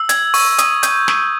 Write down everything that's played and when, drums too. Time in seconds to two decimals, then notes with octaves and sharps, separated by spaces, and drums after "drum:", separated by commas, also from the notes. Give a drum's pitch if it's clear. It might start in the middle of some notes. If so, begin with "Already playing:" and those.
Already playing: E6
0.09 G#6, drum: hi-hat
0.34 C#6, drum: open hi-hat
0.58 D#6, drum: hi-hat
0.83 G6, drum: hi-hat
1.08 G6, drum: snare